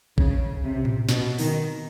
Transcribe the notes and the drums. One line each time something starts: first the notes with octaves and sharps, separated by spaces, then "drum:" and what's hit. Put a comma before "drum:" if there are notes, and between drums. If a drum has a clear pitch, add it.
C#3, drum: kick A#1
C3
drum: tom A2
B2, drum: snare
D#3, drum: open hi-hat